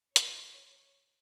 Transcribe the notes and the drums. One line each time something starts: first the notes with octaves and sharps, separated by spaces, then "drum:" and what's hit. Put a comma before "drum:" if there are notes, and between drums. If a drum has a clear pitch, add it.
C#5, drum: hi-hat